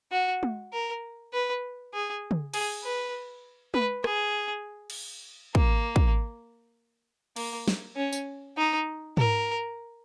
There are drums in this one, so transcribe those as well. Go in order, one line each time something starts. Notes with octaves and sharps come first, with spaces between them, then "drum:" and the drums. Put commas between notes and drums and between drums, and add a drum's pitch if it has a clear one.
F#4
drum: tom G#3
A#4
B4
G#4
drum: tom
G#4, drum: cymbal
B4
B4, drum: tom G#3
G#4, drum: rim click
drum: cymbal
A#3, drum: kick
drum: kick
A#3, drum: cymbal
drum: snare
C#4
drum: tambourine
D#4
A#4, drum: tom G#2